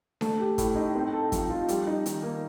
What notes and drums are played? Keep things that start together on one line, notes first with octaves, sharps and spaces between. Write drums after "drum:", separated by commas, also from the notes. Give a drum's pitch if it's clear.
A3, drum: snare D4
G4
A2, drum: kick, hi-hat
D#4
C4
A4
F3, drum: kick, hi-hat
F4
G3, drum: hi-hat
D#4
D#3, drum: hi-hat
A#3